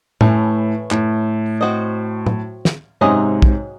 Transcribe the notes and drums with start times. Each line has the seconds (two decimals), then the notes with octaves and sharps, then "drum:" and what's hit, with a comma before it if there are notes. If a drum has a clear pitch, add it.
0.21 A2 E3 A3 C#4, drum: tom A2
0.91 A2, drum: clap
1.61 C4 F#4 C5 D#5
2.26 drum: tom A2
2.65 drum: snare
3.01 G#2 C3 F#3 C#4 G#4 D#5
3.42 drum: kick